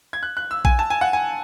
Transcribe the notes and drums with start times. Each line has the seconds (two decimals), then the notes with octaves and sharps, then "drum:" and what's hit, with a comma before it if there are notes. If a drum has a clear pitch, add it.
0.13 G#6
0.23 F#6
0.37 F#6
0.51 E6
0.65 G#5, drum: kick A#1
0.79 A5
0.90 G#5
1.01 F#5
1.13 G#5